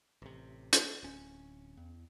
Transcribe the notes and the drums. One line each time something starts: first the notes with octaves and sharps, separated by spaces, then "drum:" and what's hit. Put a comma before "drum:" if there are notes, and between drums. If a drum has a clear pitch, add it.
A1 C3
drum: hi-hat
D1 C#4
E2